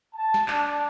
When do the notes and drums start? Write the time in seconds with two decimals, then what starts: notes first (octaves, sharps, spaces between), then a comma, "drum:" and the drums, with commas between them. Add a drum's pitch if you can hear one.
0.14 A5
0.34 drum: snare
0.48 D4, drum: clap